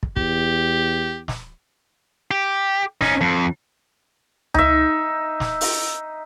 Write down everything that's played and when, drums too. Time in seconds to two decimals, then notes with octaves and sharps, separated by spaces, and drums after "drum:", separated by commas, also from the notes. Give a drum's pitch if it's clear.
0.03 drum: kick
0.16 E2 G4, drum: kick
1.28 drum: snare
2.31 G4
3.01 C#4 D#4, drum: snare
3.21 F2
4.54 D#4 E5, drum: tom C#2
5.40 drum: snare
5.61 drum: open hi-hat